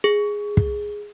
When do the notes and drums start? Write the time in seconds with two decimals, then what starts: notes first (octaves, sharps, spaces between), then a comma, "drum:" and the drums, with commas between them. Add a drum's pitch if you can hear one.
0.04 G#4
0.57 drum: kick